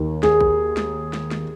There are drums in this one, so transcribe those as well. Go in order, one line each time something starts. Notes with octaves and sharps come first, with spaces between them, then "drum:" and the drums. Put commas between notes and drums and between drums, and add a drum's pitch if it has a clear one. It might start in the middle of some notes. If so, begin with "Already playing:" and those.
Already playing: D#2 D#3
G#4, drum: snare
drum: kick A#1
drum: snare
drum: snare
drum: snare